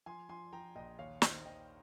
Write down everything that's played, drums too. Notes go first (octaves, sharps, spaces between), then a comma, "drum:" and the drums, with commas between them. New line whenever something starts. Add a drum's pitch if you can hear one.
F3 G#5 C6
F3 G#5 C6
F3 G5 A#5
A#1 D#5 G5
D#2 C#5 F5
D#3 C5 D#5, drum: snare
D#3 D#5 G5